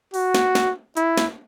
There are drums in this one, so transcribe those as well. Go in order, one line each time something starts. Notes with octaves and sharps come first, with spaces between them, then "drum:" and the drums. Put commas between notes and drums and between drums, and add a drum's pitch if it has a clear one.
F#4, drum: open hi-hat
drum: snare
drum: snare
E4, drum: hi-hat
drum: snare